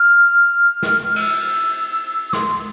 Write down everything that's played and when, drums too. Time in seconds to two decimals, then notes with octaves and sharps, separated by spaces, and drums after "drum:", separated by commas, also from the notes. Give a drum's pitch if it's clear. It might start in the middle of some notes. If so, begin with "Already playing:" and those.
Already playing: F6
0.83 drum: snare
1.11 F6
1.16 E6, drum: cymbal
2.29 E6
2.33 C6, drum: snare